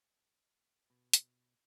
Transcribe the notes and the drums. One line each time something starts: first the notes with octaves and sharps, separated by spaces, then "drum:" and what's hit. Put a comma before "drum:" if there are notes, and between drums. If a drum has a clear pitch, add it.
B2
drum: hi-hat